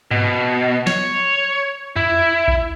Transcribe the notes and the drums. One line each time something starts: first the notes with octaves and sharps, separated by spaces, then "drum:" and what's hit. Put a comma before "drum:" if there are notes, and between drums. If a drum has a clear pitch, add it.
B2, drum: tom G2
C#5, drum: snare
E4, drum: tom F2
drum: kick A#1